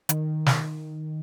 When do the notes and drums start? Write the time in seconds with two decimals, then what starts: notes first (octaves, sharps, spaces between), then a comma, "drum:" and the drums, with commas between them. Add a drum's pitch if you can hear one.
0.09 D#3, drum: hi-hat
0.46 drum: snare